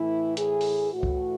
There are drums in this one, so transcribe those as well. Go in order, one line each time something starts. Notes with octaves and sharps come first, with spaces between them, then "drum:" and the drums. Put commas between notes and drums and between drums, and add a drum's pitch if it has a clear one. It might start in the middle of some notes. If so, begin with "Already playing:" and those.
Already playing: A2 E3 E4
G#4, drum: hi-hat
drum: open hi-hat
A2 E3 F#4
drum: kick